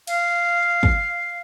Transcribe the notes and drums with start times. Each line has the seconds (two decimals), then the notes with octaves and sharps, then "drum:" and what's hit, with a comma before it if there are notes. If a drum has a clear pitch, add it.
0.07 F5, drum: cymbal
0.83 drum: kick